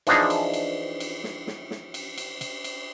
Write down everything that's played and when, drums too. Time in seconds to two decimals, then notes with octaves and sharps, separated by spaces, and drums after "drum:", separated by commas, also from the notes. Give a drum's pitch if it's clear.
0.07 E3 F3 D4 D#4 G#4, drum: cymbal
0.30 drum: cymbal
0.54 drum: cymbal
1.00 drum: cymbal
1.24 drum: snare
1.47 drum: snare
1.71 drum: snare
1.94 drum: cymbal
2.18 drum: cymbal
2.41 drum: cymbal
2.64 drum: cymbal